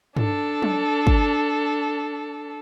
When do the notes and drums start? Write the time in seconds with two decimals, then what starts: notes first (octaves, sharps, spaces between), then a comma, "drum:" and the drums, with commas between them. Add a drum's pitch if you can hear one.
0.17 D4 A4, drum: tom G2
0.62 drum: tom
1.07 drum: kick